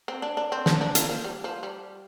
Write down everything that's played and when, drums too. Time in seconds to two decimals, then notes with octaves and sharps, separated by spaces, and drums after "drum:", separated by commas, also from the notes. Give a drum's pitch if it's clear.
0.08 C4
0.22 D4
0.37 D4
0.52 C4
0.66 D4, drum: snare
0.81 D4
0.95 A#3, drum: hi-hat
1.10 F3
1.24 G3
1.44 F3
1.63 G3